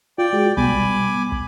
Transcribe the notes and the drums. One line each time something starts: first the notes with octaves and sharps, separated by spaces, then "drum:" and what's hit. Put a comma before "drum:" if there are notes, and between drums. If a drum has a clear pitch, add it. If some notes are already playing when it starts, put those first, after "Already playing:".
F4 D5 G5
G#3 F#4 G#4
B2 G3 B3 G#5 B5 D6, drum: kick
drum: kick